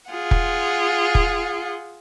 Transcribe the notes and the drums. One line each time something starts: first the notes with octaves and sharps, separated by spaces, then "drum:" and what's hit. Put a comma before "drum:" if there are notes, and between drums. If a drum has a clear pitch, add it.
F4 G#4 F#5
drum: kick
drum: kick